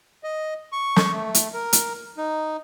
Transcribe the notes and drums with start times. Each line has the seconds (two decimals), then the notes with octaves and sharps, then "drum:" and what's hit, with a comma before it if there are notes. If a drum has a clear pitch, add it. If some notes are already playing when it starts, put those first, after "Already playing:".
0.24 D#5
0.72 C#6
0.96 drum: snare
1.13 A3
1.35 drum: hi-hat
1.54 A#4
1.73 drum: hi-hat
2.18 D#4